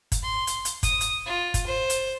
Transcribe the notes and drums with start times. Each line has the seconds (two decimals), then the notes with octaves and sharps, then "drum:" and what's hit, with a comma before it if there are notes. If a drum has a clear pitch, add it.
0.12 drum: kick F#1, hi-hat
0.23 C6
0.47 drum: hi-hat
0.65 drum: hi-hat
0.83 D#6, drum: kick F#1, hi-hat
1.01 drum: hi-hat
1.26 F4
1.54 drum: kick F#1, hi-hat
1.67 C5
1.90 drum: hi-hat